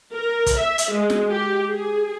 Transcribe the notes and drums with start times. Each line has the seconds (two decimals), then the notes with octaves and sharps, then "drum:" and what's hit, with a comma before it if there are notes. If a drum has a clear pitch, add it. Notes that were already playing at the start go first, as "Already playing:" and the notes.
0.15 A#4
0.46 drum: kick, hi-hat
0.57 E5
0.78 drum: hi-hat
0.92 G#3
1.10 drum: snare
1.30 G4
1.70 G#4